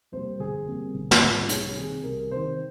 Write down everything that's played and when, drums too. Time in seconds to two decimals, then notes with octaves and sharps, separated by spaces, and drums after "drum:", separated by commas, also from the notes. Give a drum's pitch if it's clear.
0.12 F2 C3 G3 A#3 C5
0.39 G1 G#4
0.67 F2 C3 G3 A#3
0.94 G1
1.11 drum: snare
1.22 F2 C3 G3 A#3
1.49 C2 C#5, drum: hi-hat
1.76 C3 D#3 G#4
2.04 C2 A#4
2.31 C3 D#3 C5